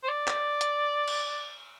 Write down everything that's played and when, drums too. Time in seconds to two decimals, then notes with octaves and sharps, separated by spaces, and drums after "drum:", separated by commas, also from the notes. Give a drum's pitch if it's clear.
0.03 C5
0.08 D5
0.28 drum: clap
0.61 drum: hi-hat
1.08 drum: cymbal